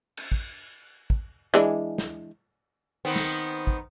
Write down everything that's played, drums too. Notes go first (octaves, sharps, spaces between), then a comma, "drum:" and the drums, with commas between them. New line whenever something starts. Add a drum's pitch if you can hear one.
drum: cymbal
drum: kick
drum: kick
E3 G#3 D4
drum: snare
D#3 B3 C4
drum: snare
drum: kick